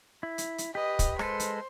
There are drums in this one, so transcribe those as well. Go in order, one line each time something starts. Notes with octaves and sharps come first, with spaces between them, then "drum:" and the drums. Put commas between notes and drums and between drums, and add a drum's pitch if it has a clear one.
E4
drum: hi-hat
drum: hi-hat
G4 B4 D#5
drum: kick, hi-hat
G#3 A4 B4 C5, drum: rim click
drum: hi-hat